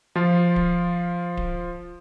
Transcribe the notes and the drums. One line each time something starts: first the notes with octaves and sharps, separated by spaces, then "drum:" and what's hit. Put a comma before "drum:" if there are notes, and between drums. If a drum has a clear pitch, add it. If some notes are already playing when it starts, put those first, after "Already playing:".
F3 F4
drum: kick D1
drum: kick D1